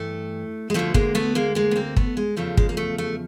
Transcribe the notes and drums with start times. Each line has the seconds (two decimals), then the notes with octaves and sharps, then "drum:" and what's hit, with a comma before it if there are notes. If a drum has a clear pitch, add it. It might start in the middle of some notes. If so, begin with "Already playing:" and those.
Already playing: G2 E3 A3
0.70 G#3
0.74 D2 D3 F3 A3
0.94 G#3 A#3, drum: kick
1.15 A3 B3
1.35 G#3 A#3
1.55 G#3 A#3
1.71 B3
1.76 A#3 C4
1.96 A3 B3, drum: kick
2.17 G#3
2.37 E2 C#3 F3 A3
2.57 G#3, drum: kick
2.69 A#3
2.77 A3
2.98 A3